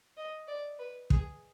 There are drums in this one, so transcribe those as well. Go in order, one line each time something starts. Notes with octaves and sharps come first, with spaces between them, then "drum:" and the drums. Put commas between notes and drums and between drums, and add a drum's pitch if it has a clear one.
D#5
D5
B4
G#4, drum: kick